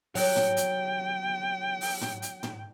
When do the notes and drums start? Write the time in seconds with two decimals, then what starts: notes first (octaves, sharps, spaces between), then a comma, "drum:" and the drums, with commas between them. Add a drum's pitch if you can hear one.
0.15 F#3 G5, drum: open hi-hat
0.36 drum: tom
0.57 drum: hi-hat
1.81 drum: open hi-hat
2.01 drum: tom
2.22 drum: hi-hat
2.43 drum: tom